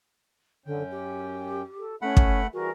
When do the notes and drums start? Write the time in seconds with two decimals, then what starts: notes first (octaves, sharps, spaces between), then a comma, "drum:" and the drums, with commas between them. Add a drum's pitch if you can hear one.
0.66 F#2 D3 C#4 G5
0.91 G4
1.78 A4
2.02 A3 C#4 E4 B4 E5 F#5 B5
2.17 drum: kick
2.53 E3 G3 F#4 G#4 A#4